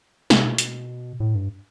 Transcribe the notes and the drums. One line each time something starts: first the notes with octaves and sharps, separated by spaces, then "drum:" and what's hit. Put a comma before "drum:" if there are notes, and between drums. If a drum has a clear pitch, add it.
C3, drum: snare
B2
drum: hi-hat
A2
G2